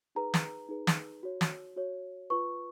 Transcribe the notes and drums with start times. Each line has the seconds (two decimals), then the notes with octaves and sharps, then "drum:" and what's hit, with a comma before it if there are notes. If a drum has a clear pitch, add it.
0.15 D#4 G#4 B4 A#5
0.34 drum: snare
0.69 D#4 G#4 B4
0.87 drum: snare
1.23 F#4 C#5
1.41 drum: snare
1.76 F#4 C#5
2.30 F4 B4 C#6